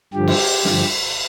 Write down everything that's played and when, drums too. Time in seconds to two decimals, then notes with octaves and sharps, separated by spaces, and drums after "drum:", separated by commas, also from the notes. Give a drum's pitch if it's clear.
0.13 G2 D3 F3 G4
0.28 drum: cymbal
0.65 G2 D3 F3, drum: snare